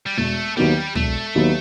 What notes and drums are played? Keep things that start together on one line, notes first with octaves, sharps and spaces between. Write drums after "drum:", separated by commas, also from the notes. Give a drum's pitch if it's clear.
G3
E1 A3
D#2 D#3 F#3 G3 B3
E1 A3, drum: tom
D#2 D#3 F#3 B3